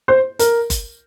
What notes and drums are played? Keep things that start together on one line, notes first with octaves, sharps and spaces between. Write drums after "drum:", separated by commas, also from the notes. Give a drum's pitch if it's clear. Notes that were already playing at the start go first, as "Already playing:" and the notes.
C5
A#4, drum: hi-hat
drum: kick F#1, hi-hat